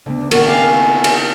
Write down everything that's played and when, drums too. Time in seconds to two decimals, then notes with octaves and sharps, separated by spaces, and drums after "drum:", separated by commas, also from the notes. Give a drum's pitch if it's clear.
0.06 D2 C#3 A3 B3 D4
0.31 D3 D#3 A#3 F#4 A4 A#4 F#5, drum: cymbal
0.47 A#3 C4 G4 A4 F5 G#5
0.72 A3 B3
1.04 drum: cymbal